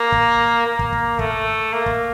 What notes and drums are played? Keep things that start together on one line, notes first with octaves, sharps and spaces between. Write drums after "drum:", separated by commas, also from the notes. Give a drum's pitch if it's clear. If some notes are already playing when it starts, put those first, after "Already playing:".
Already playing: A#3
drum: kick
A#3
drum: kick
drum: kick
A3, drum: kick
A#3
drum: kick